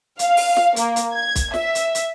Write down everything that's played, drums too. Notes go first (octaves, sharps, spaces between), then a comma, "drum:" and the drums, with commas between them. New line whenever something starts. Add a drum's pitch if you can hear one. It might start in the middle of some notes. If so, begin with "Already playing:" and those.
F5, drum: hi-hat
drum: open hi-hat
drum: snare
A#3, drum: hi-hat
drum: hi-hat
G#6
drum: kick B1, hi-hat
E5, drum: snare
drum: hi-hat
drum: hi-hat